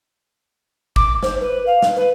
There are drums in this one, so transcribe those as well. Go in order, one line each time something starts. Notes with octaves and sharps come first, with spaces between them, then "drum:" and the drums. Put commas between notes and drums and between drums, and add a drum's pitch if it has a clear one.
D6, drum: kick
C5, drum: snare
B4
F5
drum: snare
B4